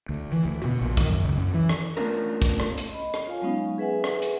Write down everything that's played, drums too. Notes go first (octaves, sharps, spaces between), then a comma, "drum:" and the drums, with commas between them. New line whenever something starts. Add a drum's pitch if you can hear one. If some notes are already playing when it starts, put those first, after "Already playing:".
D2
E3
D2
B2
A#1
D#3, drum: kick, hi-hat
F#2
C#2
F#2
E3
drum: rim click
A3 B3 C#4 D4 F4 A#4
drum: kick, hi-hat
drum: rim click
drum: hi-hat
D#5 B5
drum: rim click
F4 C#5 F5 G#5
F#3 G#3 B3 C#4 D#4
G#4 B4 E5 F#5 G#5
drum: rim click
drum: hi-hat